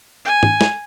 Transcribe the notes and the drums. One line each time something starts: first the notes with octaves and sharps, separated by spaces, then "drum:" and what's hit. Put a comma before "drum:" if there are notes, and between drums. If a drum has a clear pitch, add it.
G#5
drum: tom
drum: snare